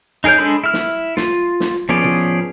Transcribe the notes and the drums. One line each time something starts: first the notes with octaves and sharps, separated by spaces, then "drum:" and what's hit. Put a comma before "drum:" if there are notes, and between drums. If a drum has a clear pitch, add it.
D#4 G#4 A#4 C#5 G6
G#3 D4 G#4 A4 B5
E4 F6
drum: snare
F4, drum: snare
drum: snare
F3 B3 C#4 G#4 D5
drum: tom